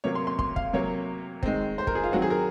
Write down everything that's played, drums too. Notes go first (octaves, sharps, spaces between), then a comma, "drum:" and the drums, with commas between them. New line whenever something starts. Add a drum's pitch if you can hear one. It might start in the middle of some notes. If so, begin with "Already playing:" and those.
C3 F#3 A#3 C#5
C6
C6
C6, drum: kick
F5, drum: kick
C3 F#3 A#3 C#5
D#3 G#3 C4, drum: kick
C5
A#4, drum: kick
G#4
F4
D#3 F#3 C4 F#4
G#4
A#4